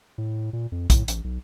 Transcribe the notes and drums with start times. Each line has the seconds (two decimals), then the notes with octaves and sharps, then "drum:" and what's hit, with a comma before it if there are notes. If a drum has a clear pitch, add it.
0.18 A2
0.53 A#2
0.72 F2
0.90 A2, drum: kick, hi-hat
1.08 A1, drum: hi-hat
1.24 B1